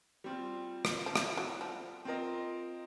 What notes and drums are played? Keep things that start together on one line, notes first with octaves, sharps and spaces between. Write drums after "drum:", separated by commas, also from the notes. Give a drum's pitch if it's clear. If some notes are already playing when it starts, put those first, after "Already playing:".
G3 C4 F4
drum: rim click
F3
E3, drum: rim click
F#3
F3
C4 F4 A#4 D#5